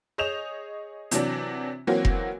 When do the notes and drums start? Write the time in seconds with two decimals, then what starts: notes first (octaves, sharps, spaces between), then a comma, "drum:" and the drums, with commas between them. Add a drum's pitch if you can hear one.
0.18 G#4 C#5 D#5 G6 E7 F7
1.11 C3 E3 F#3 D4, drum: hi-hat
1.87 E3 F#3 A#3 C4 C#4 F#4
2.05 drum: kick F1